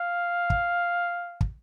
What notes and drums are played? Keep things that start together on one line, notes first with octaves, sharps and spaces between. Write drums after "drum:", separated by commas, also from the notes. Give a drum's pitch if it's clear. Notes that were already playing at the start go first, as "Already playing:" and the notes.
Already playing: F5
drum: kick
drum: kick